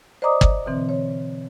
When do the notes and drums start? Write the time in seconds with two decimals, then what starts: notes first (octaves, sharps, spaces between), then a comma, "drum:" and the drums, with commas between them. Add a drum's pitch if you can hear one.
0.22 C5 D5 D#5 A#5 D6 D#6
0.41 drum: kick
0.66 B2 D3 E3 C4
0.89 C#5